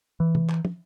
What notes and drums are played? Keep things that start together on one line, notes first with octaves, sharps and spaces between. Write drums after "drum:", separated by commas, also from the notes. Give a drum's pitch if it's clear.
E3
drum: tom
drum: clap
drum: tom